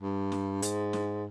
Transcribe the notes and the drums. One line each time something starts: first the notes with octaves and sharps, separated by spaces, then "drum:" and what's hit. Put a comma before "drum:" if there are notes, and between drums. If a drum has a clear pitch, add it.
G2
drum: snare
G#2, drum: hi-hat
drum: snare